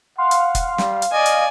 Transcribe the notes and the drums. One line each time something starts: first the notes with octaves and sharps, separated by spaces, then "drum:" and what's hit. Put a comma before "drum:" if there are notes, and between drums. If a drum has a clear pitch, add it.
F5 F#5 C6
drum: hi-hat
drum: kick, hi-hat
G3, drum: snare
drum: hi-hat
D5 D#5 G#5
drum: hi-hat